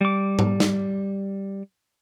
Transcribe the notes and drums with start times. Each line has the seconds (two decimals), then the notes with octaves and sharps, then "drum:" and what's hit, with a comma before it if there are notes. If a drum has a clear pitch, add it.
0.01 G3 D6
0.39 drum: tom G#2
0.60 drum: snare